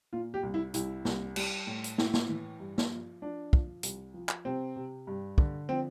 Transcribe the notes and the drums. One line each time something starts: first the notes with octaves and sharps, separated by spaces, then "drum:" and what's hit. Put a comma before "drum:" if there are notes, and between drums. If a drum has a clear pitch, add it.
A#2 F4
G4
C2
E4
C2 E4, drum: hi-hat
C2, drum: snare
G3, drum: cymbal
A2
drum: hi-hat
A2 E4, drum: snare
drum: snare
E3
G2
drum: snare
F3
F3 D4
F3, drum: kick
C2, drum: hi-hat
F3
drum: clap
C3 C4
C3
G2
D3, drum: kick
F3 C4